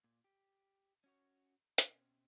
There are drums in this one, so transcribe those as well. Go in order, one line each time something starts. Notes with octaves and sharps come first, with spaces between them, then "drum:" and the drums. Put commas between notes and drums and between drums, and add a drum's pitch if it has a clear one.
A#2
G4
C#4 F#4 C#5
B2 C4 C#4, drum: hi-hat